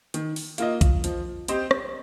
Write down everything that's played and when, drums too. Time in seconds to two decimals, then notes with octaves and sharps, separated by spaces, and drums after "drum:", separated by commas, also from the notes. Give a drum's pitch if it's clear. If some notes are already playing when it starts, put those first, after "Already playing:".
0.14 D#3, drum: hi-hat
0.36 drum: open hi-hat
0.58 A#3 F4 D#5, drum: hi-hat
0.81 drum: kick B1, hi-hat
1.04 F3, drum: hi-hat
1.48 C4 G4 C5 D#5, drum: hi-hat
1.71 drum: rim click